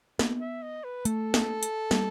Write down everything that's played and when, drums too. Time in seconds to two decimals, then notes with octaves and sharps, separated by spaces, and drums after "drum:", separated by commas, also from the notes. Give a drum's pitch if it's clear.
0.19 B3, drum: snare
0.40 E5
0.62 D#5
0.84 B4
1.05 A3 A4, drum: hi-hat
1.34 drum: snare
1.63 drum: hi-hat
1.91 G3, drum: snare